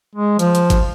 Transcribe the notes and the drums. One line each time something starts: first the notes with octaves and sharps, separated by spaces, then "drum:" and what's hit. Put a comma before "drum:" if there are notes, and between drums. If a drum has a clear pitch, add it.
G#3
F3, drum: hi-hat
drum: hi-hat
drum: kick, hi-hat